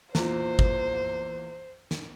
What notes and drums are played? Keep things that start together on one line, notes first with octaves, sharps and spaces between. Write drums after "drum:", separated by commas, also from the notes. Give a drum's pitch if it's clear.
E2 A#2 C5, drum: snare
drum: kick G1
drum: snare